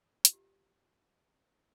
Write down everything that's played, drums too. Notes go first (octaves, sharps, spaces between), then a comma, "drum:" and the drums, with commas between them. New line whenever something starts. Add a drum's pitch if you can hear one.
F4, drum: hi-hat
G4